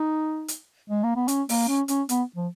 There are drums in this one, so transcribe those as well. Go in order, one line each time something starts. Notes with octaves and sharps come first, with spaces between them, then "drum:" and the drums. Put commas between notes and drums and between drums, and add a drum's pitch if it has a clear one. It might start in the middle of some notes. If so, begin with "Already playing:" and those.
Already playing: D#4
drum: hi-hat
G#3
A#3
B3
C#4, drum: hi-hat
A#3, drum: open hi-hat
C#4
C#4, drum: hi-hat
B3, drum: hi-hat
F3